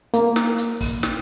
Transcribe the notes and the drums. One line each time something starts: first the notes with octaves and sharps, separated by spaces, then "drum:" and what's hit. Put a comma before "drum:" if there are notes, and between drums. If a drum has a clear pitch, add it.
A#3, drum: hi-hat
drum: snare
drum: hi-hat
drum: kick, open hi-hat
drum: snare